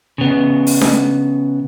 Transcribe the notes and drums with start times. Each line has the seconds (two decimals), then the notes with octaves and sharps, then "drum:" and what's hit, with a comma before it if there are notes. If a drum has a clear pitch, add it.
0.18 C#3 B3
0.67 drum: open hi-hat
0.81 drum: snare D4